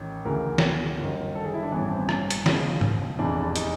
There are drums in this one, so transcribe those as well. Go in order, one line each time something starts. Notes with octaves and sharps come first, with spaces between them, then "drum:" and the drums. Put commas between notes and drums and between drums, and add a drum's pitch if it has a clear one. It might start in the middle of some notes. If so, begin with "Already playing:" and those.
Already playing: A1 D#3
D2 C#3 E3 A#4
drum: snare
G1 F#2 D#3
A4
G#4
E4
D4
A1 G2 E3 B3
C4
C#4, drum: rim click
drum: hi-hat
C#2 C#3 F3, drum: snare
drum: tom G#2
F1 E2 C3 E3 D4
D#4, drum: hi-hat